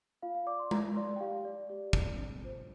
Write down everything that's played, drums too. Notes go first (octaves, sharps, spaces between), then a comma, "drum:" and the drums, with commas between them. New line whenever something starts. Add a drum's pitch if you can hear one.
F4 F5
F5
D5 D6
C6
F4 A#5, drum: tom G#3
D5 C6
G5
G4 F5
D5
G4 D5
D5, drum: kick
D4
F4 C5